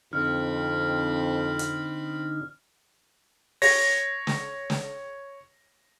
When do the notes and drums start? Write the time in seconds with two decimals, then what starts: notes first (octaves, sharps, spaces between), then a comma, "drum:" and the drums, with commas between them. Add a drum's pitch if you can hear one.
0.13 F2 D3 C4 D4 D#4 B5 F6
1.59 drum: hi-hat
3.62 C#5 A#6, drum: open hi-hat
4.27 drum: snare
4.70 drum: snare